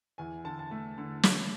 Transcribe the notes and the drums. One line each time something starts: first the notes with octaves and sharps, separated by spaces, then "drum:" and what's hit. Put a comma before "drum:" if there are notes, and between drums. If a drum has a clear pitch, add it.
E2 G#5
D3 A5
A5
A3
D3
A3, drum: snare